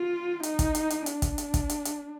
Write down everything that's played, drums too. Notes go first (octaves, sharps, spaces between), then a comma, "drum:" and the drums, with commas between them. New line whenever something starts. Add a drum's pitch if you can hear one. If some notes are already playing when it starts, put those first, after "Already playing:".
Already playing: F4
D#4, drum: hi-hat
drum: kick, hi-hat
drum: hi-hat
drum: hi-hat
D4, drum: hi-hat
drum: kick, hi-hat
drum: hi-hat
drum: kick, hi-hat
drum: hi-hat
drum: hi-hat